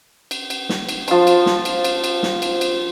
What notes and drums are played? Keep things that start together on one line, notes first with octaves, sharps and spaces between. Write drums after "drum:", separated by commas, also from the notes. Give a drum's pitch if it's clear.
drum: cymbal
drum: cymbal
drum: snare
drum: cymbal
F3 C6, drum: cymbal
drum: cymbal
drum: snare
drum: cymbal
drum: cymbal
drum: cymbal
drum: snare
drum: cymbal
drum: cymbal